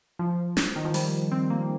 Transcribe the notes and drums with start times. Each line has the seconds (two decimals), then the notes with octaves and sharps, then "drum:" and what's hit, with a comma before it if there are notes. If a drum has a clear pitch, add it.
0.19 F3
0.57 drum: snare
0.76 D#3
0.85 F3
0.94 G3, drum: open hi-hat
1.32 C4
1.50 A#3